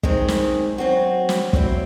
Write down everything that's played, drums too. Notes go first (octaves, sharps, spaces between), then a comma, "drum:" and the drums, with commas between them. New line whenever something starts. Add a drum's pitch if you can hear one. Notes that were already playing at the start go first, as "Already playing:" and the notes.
D#3 G#3 C4, drum: kick
drum: snare
F#3 C4 F#4
drum: snare
F#3 C4 E4, drum: kick